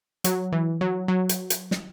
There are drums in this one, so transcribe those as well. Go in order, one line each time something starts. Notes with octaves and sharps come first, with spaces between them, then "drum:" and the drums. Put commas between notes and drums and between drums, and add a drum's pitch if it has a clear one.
F#3, drum: hi-hat
E3
F#3
F#3
drum: hi-hat
drum: hi-hat
drum: snare